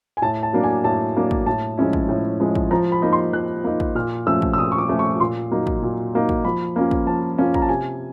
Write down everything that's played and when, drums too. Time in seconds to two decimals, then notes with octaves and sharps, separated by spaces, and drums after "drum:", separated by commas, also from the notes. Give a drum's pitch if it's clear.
0.17 G#5
0.22 A2 A5
0.43 A5
0.53 F#3 A#3 D4
0.63 G#5
0.84 A2 A5
1.15 F#3 A#3 D4
1.31 drum: kick
1.46 A2 A5
1.78 F3 G#3 C#4 E4
1.93 drum: kick
2.09 A2
2.40 F3 G#3 C#4 E4
2.55 drum: kick
2.71 F3 A#5
2.92 B5
3.02 A#3 D#4
3.13 C6
3.33 F3 F#6
3.64 A#3 D#4
3.80 drum: kick
3.95 A#2 F6
4.27 F3 A3 C#4 E6
4.42 drum: kick
4.53 E6
4.58 A#2 D#6
4.72 C#6
4.78 D6
4.89 F3 A3 C#4
4.99 C#6
5.20 A#2 C6
5.51 F#3 A#3 D#4
5.67 drum: kick
5.82 A#2
6.13 F#3 A#3 D#4
6.29 drum: kick
6.45 F3 B5
6.76 A#3 C#4 F4
6.91 drum: kick
7.07 F3 A5
7.38 A#3 C#4 F4
7.54 A#5, drum: kick
7.62 A5
7.69 C3 G#5